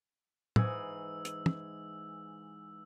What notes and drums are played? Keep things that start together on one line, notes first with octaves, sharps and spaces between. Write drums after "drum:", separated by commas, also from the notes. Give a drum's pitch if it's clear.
G#2 E3 G#5 E6, drum: tom A2
drum: hi-hat
drum: tom